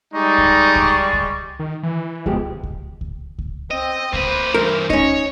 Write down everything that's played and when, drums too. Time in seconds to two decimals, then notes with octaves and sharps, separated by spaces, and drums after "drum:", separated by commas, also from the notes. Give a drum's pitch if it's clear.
0.14 G3 G#3 D#4 D5 C#6
0.38 drum: kick C#2
0.76 drum: kick C#2
1.13 drum: kick C#2
1.59 D#3
1.83 E3
2.26 B2 F3 G#3 G4, drum: kick C#2
2.63 drum: kick C#2
3.01 drum: kick C#2
3.39 drum: kick C#2
3.71 C4 D#5
4.13 A#3 B4 C5, drum: kick C#2
4.54 G2 E3 A#4
4.90 C#4 D#4 C#5, drum: kick C#2